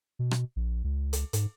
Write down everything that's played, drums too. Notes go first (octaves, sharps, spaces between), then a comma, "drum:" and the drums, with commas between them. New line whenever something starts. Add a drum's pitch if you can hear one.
B2
drum: rim click
A#1
C#2
drum: hi-hat
G#2, drum: hi-hat